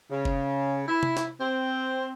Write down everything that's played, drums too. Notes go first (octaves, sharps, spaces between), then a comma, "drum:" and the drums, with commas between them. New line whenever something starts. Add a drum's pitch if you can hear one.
C#3
drum: kick F#1
E4
drum: tom C3
drum: snare
C4